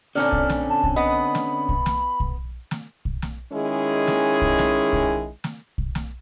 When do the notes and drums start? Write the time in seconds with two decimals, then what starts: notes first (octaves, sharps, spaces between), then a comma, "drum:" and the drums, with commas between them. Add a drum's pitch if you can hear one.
0.15 A#2 D3 C4 C#4 A4 D5 F6
0.32 drum: kick
0.50 drum: snare
0.69 A5
0.84 drum: kick
0.96 B3 D#5 B5
1.35 drum: snare
1.69 drum: kick
1.86 drum: snare
2.20 drum: kick
2.71 drum: snare
3.05 drum: kick
3.22 drum: snare
3.53 D#3 G#3 C#4 E4 G#4
4.08 drum: snare
4.42 drum: kick
4.59 drum: snare
4.93 drum: kick
5.44 drum: snare
5.78 drum: kick
5.95 drum: snare